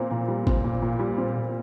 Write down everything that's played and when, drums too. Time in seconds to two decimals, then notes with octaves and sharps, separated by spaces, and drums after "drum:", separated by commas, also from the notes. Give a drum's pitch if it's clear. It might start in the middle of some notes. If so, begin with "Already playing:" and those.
Already playing: A#2 C4 A#5
0.11 A#2
0.28 G3
0.47 C4, drum: kick G#1
0.64 A#2
0.82 A#2
0.99 G3
1.18 C4
1.36 A#2